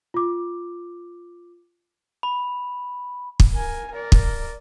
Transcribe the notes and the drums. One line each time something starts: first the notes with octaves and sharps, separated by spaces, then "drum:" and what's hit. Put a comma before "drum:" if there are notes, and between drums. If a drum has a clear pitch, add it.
F4 D6
B5
drum: kick
A#4 G#5
A#4 D5
drum: kick